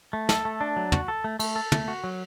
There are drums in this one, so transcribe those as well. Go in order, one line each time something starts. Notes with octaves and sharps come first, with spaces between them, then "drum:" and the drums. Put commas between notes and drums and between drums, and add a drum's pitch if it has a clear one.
A3
A4, drum: snare
A3
D4
F#3
F#4, drum: tom
A4
A3
A3, drum: cymbal
A4
A3, drum: tom
F#4
F#3